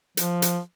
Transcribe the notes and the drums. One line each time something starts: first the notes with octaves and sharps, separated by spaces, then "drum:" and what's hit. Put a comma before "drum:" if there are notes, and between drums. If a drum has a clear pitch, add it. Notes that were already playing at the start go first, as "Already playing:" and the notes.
F3, drum: hi-hat
drum: hi-hat